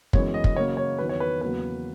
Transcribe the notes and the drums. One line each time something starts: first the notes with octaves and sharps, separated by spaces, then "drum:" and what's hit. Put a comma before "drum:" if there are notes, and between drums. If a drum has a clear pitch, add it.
F#2 E3 G#3 B3 C#5, drum: kick
D#5
drum: kick
C#3 F#3 A#3 C#5
C#5
E2 D#3 F#3 B4
C#5
B4
E2 C#3 F#3 A#3 B4